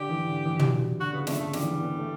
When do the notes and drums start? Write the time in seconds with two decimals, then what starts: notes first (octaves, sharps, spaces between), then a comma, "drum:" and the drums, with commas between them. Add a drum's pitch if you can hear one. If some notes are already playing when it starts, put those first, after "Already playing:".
Already playing: D3 G4
0.10 E3
0.27 D3
0.46 E3
0.59 G3, drum: tom
0.64 F#3
0.82 E3
1.00 D3 F#4
1.12 C#3 B3
1.27 D3 A3, drum: snare
1.40 C#3 A3
1.53 D3 G3, drum: snare
1.62 E3
1.71 D3
1.81 B3
1.99 A3